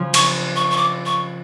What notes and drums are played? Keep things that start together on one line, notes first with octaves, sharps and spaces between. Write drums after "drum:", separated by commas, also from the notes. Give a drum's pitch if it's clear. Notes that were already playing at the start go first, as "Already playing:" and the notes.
Already playing: C#3 F3
C#6, drum: cymbal
C#6
C#6
D6
C#6